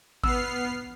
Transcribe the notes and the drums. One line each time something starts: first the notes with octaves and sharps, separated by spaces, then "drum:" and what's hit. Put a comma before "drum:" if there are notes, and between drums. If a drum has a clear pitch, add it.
B3 E6 F6 C7, drum: kick A1